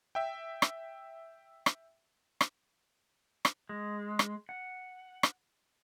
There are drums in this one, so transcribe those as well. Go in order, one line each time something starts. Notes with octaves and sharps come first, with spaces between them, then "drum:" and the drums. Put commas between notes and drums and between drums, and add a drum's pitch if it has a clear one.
E5 G5
drum: rim click
drum: rim click
drum: rim click
drum: rim click
G#3
drum: rim click
F#5
drum: rim click